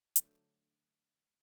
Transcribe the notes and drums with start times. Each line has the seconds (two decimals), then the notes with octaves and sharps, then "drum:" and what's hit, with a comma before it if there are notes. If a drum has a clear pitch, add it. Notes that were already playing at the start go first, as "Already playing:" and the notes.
0.16 D3 F#3 A3 D4 A4 C5, drum: hi-hat